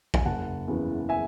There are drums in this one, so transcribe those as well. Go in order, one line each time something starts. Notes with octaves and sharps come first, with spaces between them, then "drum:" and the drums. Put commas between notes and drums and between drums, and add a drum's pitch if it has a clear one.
G#5, drum: kick
F#1 F#5 A5
E2 C#3 E3
E5 G#5